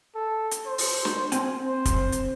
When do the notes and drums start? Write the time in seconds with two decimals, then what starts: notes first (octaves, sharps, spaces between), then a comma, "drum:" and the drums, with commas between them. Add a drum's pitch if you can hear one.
0.15 A4
0.51 drum: hi-hat
0.67 C5
0.78 drum: open hi-hat
1.05 drum: snare
1.32 C4 G#5, drum: hi-hat
1.66 C5
1.85 drum: kick, hi-hat
2.12 drum: hi-hat